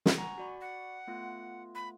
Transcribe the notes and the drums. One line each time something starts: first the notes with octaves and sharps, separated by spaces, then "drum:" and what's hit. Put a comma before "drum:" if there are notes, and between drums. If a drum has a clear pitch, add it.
drum: snare
F#5 G#5 A#5 C#6
F#4 D5 B5
F#5
A3 B3 F4
B5